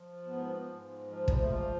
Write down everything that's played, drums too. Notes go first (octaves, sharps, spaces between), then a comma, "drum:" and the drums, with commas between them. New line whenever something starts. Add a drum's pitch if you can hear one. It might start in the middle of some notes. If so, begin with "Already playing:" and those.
Already playing: F3
G#2 B3
G#2
F3 G#3
G3, drum: kick
A3
F3 G#3